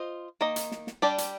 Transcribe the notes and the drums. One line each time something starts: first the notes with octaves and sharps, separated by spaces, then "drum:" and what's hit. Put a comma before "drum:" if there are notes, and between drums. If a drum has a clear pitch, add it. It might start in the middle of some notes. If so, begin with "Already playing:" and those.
Already playing: F4 C5 D#5
D#3 A#3 D#5
drum: hi-hat
drum: snare
drum: snare
G3 D4 G4 D5
drum: hi-hat